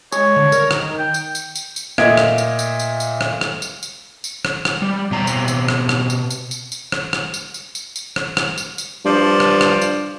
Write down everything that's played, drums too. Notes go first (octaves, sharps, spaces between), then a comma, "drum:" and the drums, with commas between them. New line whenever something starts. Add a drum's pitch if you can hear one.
G#3 C#5, drum: tambourine
D3
A#4, drum: tambourine
D#3, drum: rim click
G5
drum: tambourine
drum: tambourine
drum: tambourine
drum: tambourine
A#2 A3 D#5 E5 G#6 D7, drum: rim click
drum: rim click
drum: tambourine
drum: tambourine
drum: tambourine
drum: tambourine
drum: rim click
drum: rim click
drum: tambourine
drum: tambourine
drum: tambourine
drum: rim click
drum: rim click
G3
B2 C4 A#5
drum: tambourine
drum: tambourine
drum: rim click
drum: rim click
drum: tambourine
drum: tambourine
drum: tambourine
drum: tambourine
drum: rim click
drum: rim click
drum: tambourine
drum: tambourine
drum: tambourine
drum: tambourine
drum: rim click
drum: rim click
drum: tambourine
drum: tambourine
G2 F3 D5
drum: rim click
drum: rim click
drum: tambourine